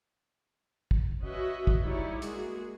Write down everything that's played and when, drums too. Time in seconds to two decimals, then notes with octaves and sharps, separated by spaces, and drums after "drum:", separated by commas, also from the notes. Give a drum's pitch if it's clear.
0.91 drum: kick
1.22 C#4 F#4 B4 D#5 E5
1.67 drum: kick
1.81 G3 D#4 E4 C#5 D5 E5
2.22 G#3 A#3 F#4 G#4, drum: hi-hat